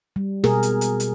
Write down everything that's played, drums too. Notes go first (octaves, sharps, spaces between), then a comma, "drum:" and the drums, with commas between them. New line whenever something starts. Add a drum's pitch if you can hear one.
G3
B2 G#4 A#4, drum: snare
drum: hi-hat
drum: hi-hat
drum: hi-hat